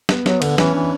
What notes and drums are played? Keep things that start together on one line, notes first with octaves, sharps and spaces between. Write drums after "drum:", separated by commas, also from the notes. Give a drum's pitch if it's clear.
B3, drum: snare
F#3 B3, drum: snare
D3 B3, drum: cymbal
E3 C#4, drum: snare
E3 D4